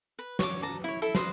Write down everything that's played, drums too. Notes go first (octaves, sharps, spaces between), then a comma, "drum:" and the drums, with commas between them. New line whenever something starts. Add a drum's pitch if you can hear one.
B4
C#5 D6, drum: snare
A5 A#5
E4 C#5
E4 A4 E5
B4 C5 D#5, drum: snare